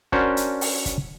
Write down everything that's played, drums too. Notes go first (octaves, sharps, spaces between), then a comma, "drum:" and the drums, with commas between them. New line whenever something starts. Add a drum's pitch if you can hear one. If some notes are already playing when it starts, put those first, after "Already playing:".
C#4 D4 F#4 A#4 C5, drum: kick
drum: hi-hat
drum: open hi-hat
drum: kick, hi-hat